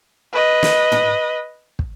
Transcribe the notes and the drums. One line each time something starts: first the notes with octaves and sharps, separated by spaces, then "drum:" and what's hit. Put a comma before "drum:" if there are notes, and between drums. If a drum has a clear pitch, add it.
B4 D#5
drum: snare
drum: tom
drum: kick